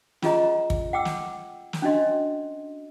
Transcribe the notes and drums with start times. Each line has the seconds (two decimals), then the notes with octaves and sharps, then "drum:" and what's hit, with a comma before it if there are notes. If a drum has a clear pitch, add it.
0.22 C#4 F4 G#4 D#5 A#5, drum: snare
0.70 drum: kick
0.93 F#5 G5 D6 E6
1.05 drum: snare
1.73 drum: snare
1.82 C#4 D4 F#4 D#5 C6